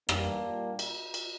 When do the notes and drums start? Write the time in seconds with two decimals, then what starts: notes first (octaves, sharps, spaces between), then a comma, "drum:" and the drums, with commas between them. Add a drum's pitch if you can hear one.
0.09 G2 E3 G3 A#3 D4, drum: rim click
0.45 A#2 G3
0.79 drum: cymbal
1.14 drum: cymbal